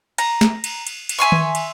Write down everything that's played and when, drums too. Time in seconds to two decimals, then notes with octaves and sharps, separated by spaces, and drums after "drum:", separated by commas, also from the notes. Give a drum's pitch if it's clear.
0.18 A#5, drum: cymbal
0.41 drum: snare
0.64 drum: cymbal
0.87 drum: cymbal
1.09 drum: cymbal
1.19 E5 G#5 C6 C#6
1.32 drum: tom D#3
1.55 drum: cymbal